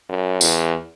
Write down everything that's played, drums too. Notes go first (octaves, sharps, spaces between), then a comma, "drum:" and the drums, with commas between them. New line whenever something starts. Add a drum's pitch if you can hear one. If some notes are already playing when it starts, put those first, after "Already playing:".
F#2
E2, drum: tambourine